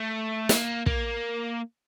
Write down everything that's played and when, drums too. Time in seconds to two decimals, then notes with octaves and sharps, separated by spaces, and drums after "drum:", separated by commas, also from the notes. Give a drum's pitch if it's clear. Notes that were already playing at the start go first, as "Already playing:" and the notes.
Already playing: A3
0.49 A#3, drum: snare
0.86 A#3, drum: kick